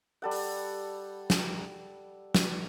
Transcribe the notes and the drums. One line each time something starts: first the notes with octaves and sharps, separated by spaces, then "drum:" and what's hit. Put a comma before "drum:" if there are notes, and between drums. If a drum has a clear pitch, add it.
G3 A4 F#5
drum: open hi-hat
drum: snare
drum: snare